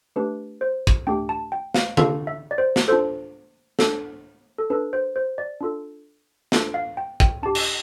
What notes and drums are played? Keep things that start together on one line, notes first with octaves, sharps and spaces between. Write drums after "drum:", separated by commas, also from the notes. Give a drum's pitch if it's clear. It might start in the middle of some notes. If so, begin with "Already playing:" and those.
A3 D4 G4 B4
C5
drum: kick
A3 D4 G4 G5
A5
G5
F5, drum: snare
D4 F4 A4 F5, drum: tom D3
E5
D5
C5
drum: snare
D4 F4 A4 C5
D4 A4, drum: snare
A4
D4 A4 B4
C5
C5
D5
D4 F4 A4
D4 F4 A4 E5, drum: snare
F5
G5
G5, drum: kick
D4 G4 A5
drum: cymbal